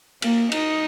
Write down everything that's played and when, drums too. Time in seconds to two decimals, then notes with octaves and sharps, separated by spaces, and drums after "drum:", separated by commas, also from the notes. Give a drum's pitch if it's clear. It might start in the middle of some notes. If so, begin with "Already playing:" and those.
0.22 A#3, drum: cymbal
0.52 D#4, drum: cymbal